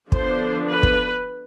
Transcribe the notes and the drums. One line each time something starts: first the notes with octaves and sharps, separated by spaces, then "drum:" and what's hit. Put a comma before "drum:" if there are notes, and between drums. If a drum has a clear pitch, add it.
D3 F3 B3 D4 C5, drum: kick
B4
drum: kick